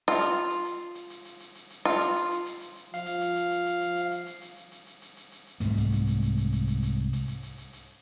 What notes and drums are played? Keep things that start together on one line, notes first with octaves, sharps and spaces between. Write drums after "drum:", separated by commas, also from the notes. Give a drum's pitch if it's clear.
F4
drum: hi-hat
drum: hi-hat
drum: hi-hat
drum: hi-hat
drum: hi-hat
drum: hi-hat
drum: hi-hat
drum: hi-hat
drum: hi-hat
F4
drum: hi-hat
drum: hi-hat
drum: hi-hat
drum: hi-hat
drum: hi-hat
drum: hi-hat
F3 F5, drum: hi-hat
drum: hi-hat
drum: hi-hat
drum: hi-hat
drum: hi-hat
drum: hi-hat
drum: hi-hat
drum: hi-hat
drum: hi-hat
drum: hi-hat
drum: hi-hat
drum: hi-hat
drum: hi-hat
drum: hi-hat
drum: hi-hat
drum: hi-hat
drum: hi-hat
drum: hi-hat
C2 G#2 A3, drum: hi-hat
drum: hi-hat
drum: hi-hat
drum: hi-hat
drum: hi-hat
drum: hi-hat
drum: hi-hat
drum: hi-hat
drum: hi-hat
drum: hi-hat
drum: hi-hat
drum: hi-hat
drum: hi-hat
drum: hi-hat